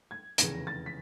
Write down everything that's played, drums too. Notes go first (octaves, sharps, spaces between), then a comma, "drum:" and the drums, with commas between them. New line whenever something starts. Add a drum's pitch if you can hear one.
G#6
F1 E2 C#3 A#6, drum: hi-hat
A6
B6